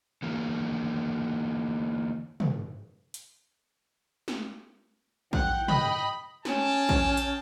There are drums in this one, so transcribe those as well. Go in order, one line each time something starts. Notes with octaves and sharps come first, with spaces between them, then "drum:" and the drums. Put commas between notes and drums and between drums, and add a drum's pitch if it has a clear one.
D3 E3 A#3
drum: tom
drum: hi-hat
drum: snare
F#5 G5, drum: kick
D#5 B5, drum: tom
C#4 G#4 G5 A5, drum: snare
drum: kick
drum: hi-hat